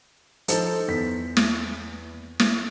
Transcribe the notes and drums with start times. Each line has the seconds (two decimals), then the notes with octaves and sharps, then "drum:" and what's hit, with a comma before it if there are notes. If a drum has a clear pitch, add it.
0.48 F3 D#4 A4 C5, drum: hi-hat
0.88 E2 B6
1.37 drum: snare
2.40 drum: snare